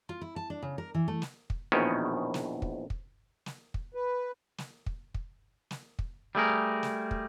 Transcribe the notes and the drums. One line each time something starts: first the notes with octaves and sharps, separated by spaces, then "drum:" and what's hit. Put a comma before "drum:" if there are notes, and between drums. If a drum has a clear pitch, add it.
F4
E4
A5
D4
C#3
A#4
E3
A3
drum: snare
drum: kick
A#1 E2 B2 D#3 C#4
drum: snare
drum: kick
drum: kick
drum: snare
drum: kick
B4
drum: snare
drum: kick
drum: kick
drum: snare
drum: kick
G3 A3 G#4 A#4
drum: snare
drum: kick